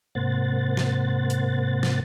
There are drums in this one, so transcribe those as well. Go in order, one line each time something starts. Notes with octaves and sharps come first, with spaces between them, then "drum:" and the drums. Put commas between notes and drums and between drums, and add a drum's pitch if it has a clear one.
G#2 C3 A#3 C5 F#5 A6
drum: snare
drum: hi-hat
drum: snare